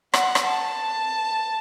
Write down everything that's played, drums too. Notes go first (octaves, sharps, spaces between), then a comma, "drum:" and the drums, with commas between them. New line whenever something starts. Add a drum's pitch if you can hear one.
F#5, drum: rim click
drum: rim click
A5